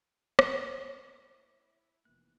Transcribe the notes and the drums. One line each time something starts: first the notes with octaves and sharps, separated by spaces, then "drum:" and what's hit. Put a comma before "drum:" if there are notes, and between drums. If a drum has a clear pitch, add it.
drum: rim click
E4
F1 E3 A#3 B3 F#6